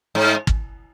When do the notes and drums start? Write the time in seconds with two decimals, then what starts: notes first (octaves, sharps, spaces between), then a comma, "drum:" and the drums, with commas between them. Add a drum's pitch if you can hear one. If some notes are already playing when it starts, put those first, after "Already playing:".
0.15 G#2
0.47 drum: kick